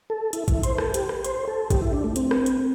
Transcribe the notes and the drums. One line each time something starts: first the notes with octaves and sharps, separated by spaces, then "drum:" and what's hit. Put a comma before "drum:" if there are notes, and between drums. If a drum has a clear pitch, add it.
A4
E4, drum: hi-hat
E4, drum: kick A1, hi-hat
C5, drum: hi-hat
A4, drum: rim click
G4, drum: hi-hat
drum: rim click
C5, drum: hi-hat
A4
G4, drum: kick A1, hi-hat
E4
D4
A3
C4, drum: hi-hat
drum: rim click
drum: hi-hat